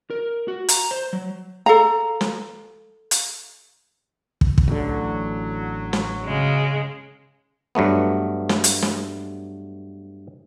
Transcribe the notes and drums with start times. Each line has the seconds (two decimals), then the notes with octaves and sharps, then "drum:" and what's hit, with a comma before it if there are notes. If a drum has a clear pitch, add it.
0.10 A#4
0.48 F#4
0.69 A#5, drum: hi-hat
0.91 C5
1.13 F#3
1.66 A4 F5 A#5
2.21 drum: snare
3.11 drum: hi-hat
4.41 drum: kick
4.58 drum: kick
4.68 A1 D3 F#3
5.93 drum: snare
6.25 C#3 G#3
7.75 G2 F#3 A3 B3
8.49 drum: snare
8.64 drum: hi-hat
8.82 drum: snare